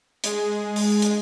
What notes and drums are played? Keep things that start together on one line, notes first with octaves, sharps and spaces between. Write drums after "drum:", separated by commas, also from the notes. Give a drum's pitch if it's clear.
G#3 G#4, drum: hi-hat
drum: open hi-hat
drum: hi-hat